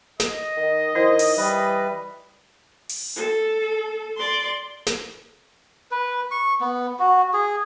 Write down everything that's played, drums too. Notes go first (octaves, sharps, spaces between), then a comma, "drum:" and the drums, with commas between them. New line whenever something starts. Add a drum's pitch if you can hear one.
D#5, drum: snare
D#3
D#3 E4 C5
drum: open hi-hat
E3 G3 B4
drum: open hi-hat
A4
D5 C6
drum: snare
B4
C#6
B3
F#4
G#4